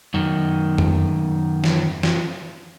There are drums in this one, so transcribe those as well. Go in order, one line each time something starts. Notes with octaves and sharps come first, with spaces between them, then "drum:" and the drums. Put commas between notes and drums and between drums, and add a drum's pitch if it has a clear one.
F#2 D#3
drum: tom
drum: snare
drum: snare